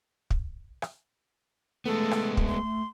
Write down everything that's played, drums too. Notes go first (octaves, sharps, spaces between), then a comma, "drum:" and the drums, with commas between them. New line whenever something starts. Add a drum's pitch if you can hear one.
drum: kick
drum: rim click
G#3 A3 B3 A4
drum: rim click
drum: kick
C6